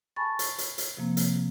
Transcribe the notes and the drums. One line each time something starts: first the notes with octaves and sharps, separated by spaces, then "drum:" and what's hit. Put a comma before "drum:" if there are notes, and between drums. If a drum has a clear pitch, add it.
G#5 A5 B5 C#6 A6
drum: hi-hat
drum: hi-hat
drum: hi-hat
C3 F3 A#3 C4
drum: hi-hat